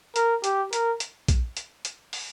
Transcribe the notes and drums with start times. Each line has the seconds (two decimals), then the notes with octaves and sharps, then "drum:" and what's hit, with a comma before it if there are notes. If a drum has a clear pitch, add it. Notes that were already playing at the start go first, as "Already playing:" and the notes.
0.16 A#4, drum: hi-hat
0.44 G4, drum: hi-hat
0.73 A#4, drum: hi-hat
1.00 drum: hi-hat
1.28 drum: kick A#1, hi-hat
1.57 drum: hi-hat
1.85 drum: hi-hat
2.13 drum: open hi-hat